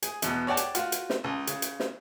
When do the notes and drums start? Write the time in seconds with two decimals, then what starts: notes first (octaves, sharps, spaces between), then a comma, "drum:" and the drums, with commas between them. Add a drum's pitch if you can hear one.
0.03 G#4, drum: hi-hat
0.22 E2 B2, drum: hi-hat
0.47 C#5 D5 F#5 G5 A5
0.57 drum: hi-hat
0.75 F4 F#4, drum: hi-hat
0.92 drum: hi-hat
1.10 drum: snare
1.24 C#2
1.47 C#3, drum: hi-hat
1.62 drum: hi-hat
1.80 drum: snare